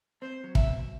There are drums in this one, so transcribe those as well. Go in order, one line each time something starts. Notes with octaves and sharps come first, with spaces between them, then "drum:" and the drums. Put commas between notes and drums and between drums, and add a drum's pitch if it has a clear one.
C4 C5
F#3
E5, drum: kick
B2